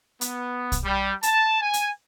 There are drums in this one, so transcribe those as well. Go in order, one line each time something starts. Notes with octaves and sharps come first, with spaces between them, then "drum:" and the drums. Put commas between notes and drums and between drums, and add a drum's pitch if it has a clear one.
B3, drum: hi-hat
drum: kick, hi-hat
G3
A5, drum: hi-hat
G#5
drum: hi-hat